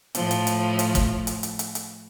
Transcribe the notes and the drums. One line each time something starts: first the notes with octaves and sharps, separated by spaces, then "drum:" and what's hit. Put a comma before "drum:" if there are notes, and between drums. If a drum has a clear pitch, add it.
A2 F3, drum: hi-hat
drum: hi-hat
drum: hi-hat
drum: hi-hat
drum: kick, hi-hat
drum: hi-hat
drum: hi-hat
drum: hi-hat
drum: hi-hat